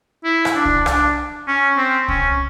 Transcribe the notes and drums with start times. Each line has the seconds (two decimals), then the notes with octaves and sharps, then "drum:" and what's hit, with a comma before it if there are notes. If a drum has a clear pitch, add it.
0.24 E4
0.45 drum: rim click
0.55 D4
0.65 drum: kick C2
0.86 D4, drum: rim click
1.47 C#4
1.77 C4
2.08 C#4, drum: kick C2